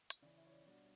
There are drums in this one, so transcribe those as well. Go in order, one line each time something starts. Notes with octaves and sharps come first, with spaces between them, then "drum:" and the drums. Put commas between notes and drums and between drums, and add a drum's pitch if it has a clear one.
drum: hi-hat
C#3 E3 C#4 E4 D5
E5
C#5
D5
B2 G3 D4 F#4 D5